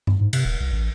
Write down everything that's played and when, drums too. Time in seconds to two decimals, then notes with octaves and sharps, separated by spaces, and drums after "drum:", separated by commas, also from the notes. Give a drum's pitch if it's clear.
0.07 drum: tom G2
0.21 G#2
0.33 C3, drum: cymbal
0.45 D#1
0.60 C2
0.73 A1